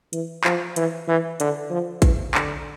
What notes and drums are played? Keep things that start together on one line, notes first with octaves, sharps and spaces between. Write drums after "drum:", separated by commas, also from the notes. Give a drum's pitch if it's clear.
E3, drum: hi-hat
F3, drum: clap
E3, drum: hi-hat
E3
D3, drum: hi-hat
F3
E3, drum: kick A1, hi-hat
D3, drum: clap